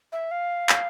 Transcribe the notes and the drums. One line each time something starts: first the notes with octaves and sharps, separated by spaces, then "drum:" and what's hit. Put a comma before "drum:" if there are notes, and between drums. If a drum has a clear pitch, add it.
E5
F5
drum: clap